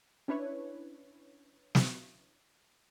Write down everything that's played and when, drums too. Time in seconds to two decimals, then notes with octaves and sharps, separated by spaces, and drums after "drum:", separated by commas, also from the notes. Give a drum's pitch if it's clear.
0.28 C#4 D4 E4 B4 C#5
1.75 drum: snare